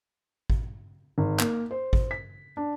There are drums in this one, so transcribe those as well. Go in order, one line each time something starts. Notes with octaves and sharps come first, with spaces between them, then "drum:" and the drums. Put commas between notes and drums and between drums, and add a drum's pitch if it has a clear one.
drum: kick G#1
G#1
A#3, drum: clap
C5
drum: kick G#1
B6
D4